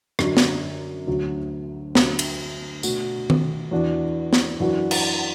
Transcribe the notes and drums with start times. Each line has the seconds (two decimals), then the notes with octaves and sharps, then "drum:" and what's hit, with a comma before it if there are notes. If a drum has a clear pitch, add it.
0.19 F#2 D3 F#3 D4, drum: rim click
0.37 drum: snare
1.07 D2 D3 F#3 A3 F#4
1.95 D2 D3 F#3, drum: snare
2.19 drum: cymbal
2.83 B2 A3 D4 F#4, drum: tambourine
3.30 drum: tom D#3
3.71 E2 E3 D4 F#4
4.33 drum: snare
4.60 F#2 E3 D4 F#4
4.91 drum: cymbal